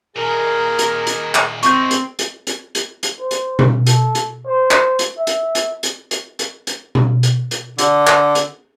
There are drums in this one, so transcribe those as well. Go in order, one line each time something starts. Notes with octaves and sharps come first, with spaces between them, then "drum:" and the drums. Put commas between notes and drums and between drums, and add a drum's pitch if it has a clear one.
A#2 D#3 G#4 A#4
drum: hi-hat
drum: hi-hat
drum: clap
C3 G#3 C4 C#6 G6, drum: hi-hat
drum: hi-hat
drum: hi-hat
drum: hi-hat
drum: hi-hat
drum: hi-hat
C5
drum: hi-hat
drum: tom B2
A4, drum: hi-hat
drum: hi-hat
C5
drum: clap
drum: hi-hat
E5
drum: hi-hat
drum: hi-hat
drum: hi-hat
drum: hi-hat
drum: hi-hat
drum: hi-hat
drum: tom B2
drum: hi-hat
drum: hi-hat
D3, drum: hi-hat
drum: clap
drum: hi-hat